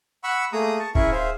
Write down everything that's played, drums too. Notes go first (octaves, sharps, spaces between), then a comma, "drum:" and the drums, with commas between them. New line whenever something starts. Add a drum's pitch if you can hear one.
F#5 B5 C#6 E6
A3 A#3 G#4 A#5 D#6
A5 C#6
C#4 E4 G#4 A#4 E5 C#6, drum: kick
G#4 C5 E5 F5